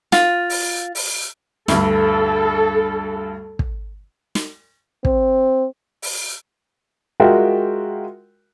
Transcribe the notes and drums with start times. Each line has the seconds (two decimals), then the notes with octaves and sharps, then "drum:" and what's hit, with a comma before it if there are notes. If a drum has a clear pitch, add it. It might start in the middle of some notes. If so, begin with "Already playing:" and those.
0.12 F4, drum: snare
0.50 drum: open hi-hat
0.95 drum: open hi-hat
1.68 D2 G2 A4, drum: snare
3.59 drum: kick
4.35 drum: snare
5.05 C4, drum: kick
6.02 drum: open hi-hat
7.20 G#3 F4 F#4 A#4 E5 G5